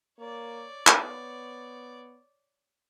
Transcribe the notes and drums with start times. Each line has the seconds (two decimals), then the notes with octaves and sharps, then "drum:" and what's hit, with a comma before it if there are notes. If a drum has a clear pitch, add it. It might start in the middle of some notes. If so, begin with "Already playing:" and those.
0.19 A#3 C#5 D5
0.87 B3, drum: clap